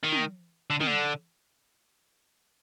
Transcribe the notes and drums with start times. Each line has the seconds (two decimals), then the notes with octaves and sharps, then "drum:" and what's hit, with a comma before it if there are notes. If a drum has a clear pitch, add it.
0.03 D#3
0.13 drum: tom
0.70 D3
0.81 D#3, drum: tom
0.87 D3